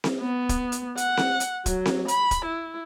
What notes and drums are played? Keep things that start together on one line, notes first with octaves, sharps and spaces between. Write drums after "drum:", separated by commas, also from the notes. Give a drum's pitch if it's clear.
drum: snare C4
B3
drum: kick, hi-hat
drum: hi-hat
F#5, drum: hi-hat
drum: snare C4
drum: hi-hat
F#3, drum: kick, hi-hat
drum: snare C4
B5, drum: hi-hat
drum: kick, hi-hat
E4